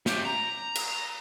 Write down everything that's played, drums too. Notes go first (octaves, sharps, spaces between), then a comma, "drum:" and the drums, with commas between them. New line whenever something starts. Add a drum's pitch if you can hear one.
C#3 G4, drum: snare
A#5
drum: cymbal